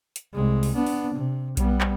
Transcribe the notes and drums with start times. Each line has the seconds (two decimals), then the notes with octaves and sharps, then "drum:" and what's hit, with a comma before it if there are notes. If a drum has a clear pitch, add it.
0.16 drum: hi-hat
0.34 C2 G#3
0.63 drum: open hi-hat
0.75 B3 D4
0.86 drum: open hi-hat
1.15 C3
1.57 G3 B3, drum: kick B1, hi-hat
1.81 drum: clap